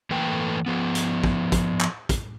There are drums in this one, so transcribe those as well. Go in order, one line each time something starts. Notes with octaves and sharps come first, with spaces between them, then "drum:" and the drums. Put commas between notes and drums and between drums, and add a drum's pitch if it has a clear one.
E3 A3 A#3 A4 B4 G5
F3 B3
drum: hi-hat
drum: kick
drum: kick, hi-hat
drum: clap
drum: kick, hi-hat